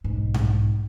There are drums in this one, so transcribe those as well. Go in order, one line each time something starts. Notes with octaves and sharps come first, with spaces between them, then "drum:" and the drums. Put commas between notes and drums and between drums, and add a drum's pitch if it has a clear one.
B1 G#2
drum: tom G#2